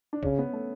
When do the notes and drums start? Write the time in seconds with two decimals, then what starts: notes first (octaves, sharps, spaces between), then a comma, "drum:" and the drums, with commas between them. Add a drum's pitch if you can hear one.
0.13 D4
0.23 C#3 C#4, drum: kick
0.39 B3
0.53 A3